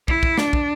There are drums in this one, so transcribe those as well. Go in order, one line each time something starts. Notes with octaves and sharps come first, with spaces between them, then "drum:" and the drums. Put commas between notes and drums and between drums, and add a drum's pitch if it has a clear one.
E4, drum: kick
drum: kick
D4, drum: snare
drum: kick